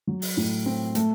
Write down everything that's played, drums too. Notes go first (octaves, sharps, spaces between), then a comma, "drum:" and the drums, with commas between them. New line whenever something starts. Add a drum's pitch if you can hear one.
F#3
drum: open hi-hat
A2
C4
A3, drum: hi-hat